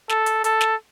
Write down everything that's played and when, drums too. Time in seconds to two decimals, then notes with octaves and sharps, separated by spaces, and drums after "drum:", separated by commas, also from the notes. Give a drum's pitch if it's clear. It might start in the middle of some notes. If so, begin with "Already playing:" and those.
0.10 A4, drum: snare
0.26 drum: hi-hat
0.44 A4, drum: hi-hat
0.61 drum: snare